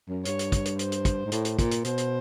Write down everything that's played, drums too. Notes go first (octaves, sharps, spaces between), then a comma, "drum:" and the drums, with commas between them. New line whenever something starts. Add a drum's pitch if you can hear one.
F#2
G2 C#5, drum: hi-hat
drum: hi-hat
drum: kick, hi-hat
drum: hi-hat
C5, drum: hi-hat
drum: hi-hat
drum: kick, hi-hat
G#2
A2, drum: hi-hat
drum: hi-hat
A#2, drum: kick, hi-hat
drum: hi-hat
B2 C5, drum: hi-hat
drum: hi-hat